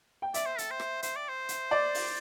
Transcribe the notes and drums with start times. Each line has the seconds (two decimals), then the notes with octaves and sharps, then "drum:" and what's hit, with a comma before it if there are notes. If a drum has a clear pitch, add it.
0.22 G5
0.34 D5 E5, drum: hi-hat
0.46 C5
0.58 A4, drum: hi-hat
0.71 C5
0.80 drum: rim click
1.03 C5, drum: hi-hat
1.16 D5
1.29 C5
1.49 drum: hi-hat
1.71 D5
1.95 drum: open hi-hat